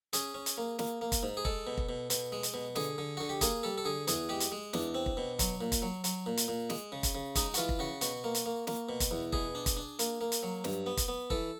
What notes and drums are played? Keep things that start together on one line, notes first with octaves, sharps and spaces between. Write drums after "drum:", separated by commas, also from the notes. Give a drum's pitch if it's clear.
C#4 G#4, drum: hi-hat
C#4
drum: hi-hat
A#3
A#3, drum: snare
A#3
drum: kick, hi-hat
G#2
G#4
G#3 A4, drum: kick
B2
drum: kick
B2
B2, drum: hi-hat
G#3
drum: hi-hat
B2
D3 G#4, drum: snare
D3
D3 F#4
G4
A#3 G#4, drum: kick, hi-hat
G3 A4
A4
D3 G#4
E2 G#4, drum: hi-hat
G#3 G4
drum: hi-hat
G#3
E2 D4, drum: snare
C4
drum: kick
B2
F#3, drum: kick, hi-hat
A#2
drum: kick, hi-hat
F#3
F#3, drum: hi-hat
A#2
drum: hi-hat
A#2
G#3, drum: snare
C#3
drum: kick, hi-hat
C#3
G#3 D#4, drum: kick, hi-hat
F#4, drum: hi-hat
E3 F4
drum: kick
C#3 F#4
B2 F#4, drum: hi-hat
A#3
drum: hi-hat
A#3
A#3, drum: snare
B2
drum: kick, hi-hat
E2
B2 G#4, drum: kick
D4
drum: kick, hi-hat
D4
A#3, drum: hi-hat
A#3
drum: hi-hat
F#3
G2, drum: snare
B3
drum: kick, hi-hat
B3
E3 A4, drum: kick